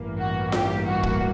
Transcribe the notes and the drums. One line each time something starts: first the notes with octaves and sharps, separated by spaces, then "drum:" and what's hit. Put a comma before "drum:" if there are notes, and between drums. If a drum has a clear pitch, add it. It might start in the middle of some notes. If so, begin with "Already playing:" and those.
Already playing: A1 G2 E3 G3 A#3
F#4
G4, drum: snare F4
F#4
drum: kick